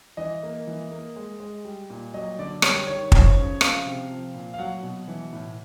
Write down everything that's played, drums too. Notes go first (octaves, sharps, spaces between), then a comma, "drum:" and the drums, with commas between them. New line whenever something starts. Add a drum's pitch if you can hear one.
E3 D#5
A#3
E3
A#3
G#3
G#3
G3
A#2
F#3 D#5
D3 D5
G3 C#5, drum: rim click
D#3 C#5
F3 C#5, drum: kick
C#3
F3 F5, drum: rim click
C3
F3
A#2
F5
F#3 F#5
B2
E3
A2